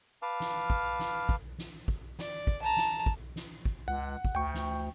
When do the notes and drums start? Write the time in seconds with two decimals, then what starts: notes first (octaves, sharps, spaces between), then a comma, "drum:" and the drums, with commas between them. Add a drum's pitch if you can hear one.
0.22 B4 F5 A5 D6 F6
0.40 drum: snare
0.70 drum: kick
0.99 drum: snare
1.29 drum: kick
1.58 drum: snare
1.88 drum: kick
2.19 D5, drum: snare
2.47 drum: kick
2.62 A5 A#5
2.77 drum: snare
3.06 drum: kick
3.36 drum: snare
3.65 drum: kick
3.88 C#2 F#5
4.25 drum: kick
4.35 D2 G5 C#6
4.54 drum: snare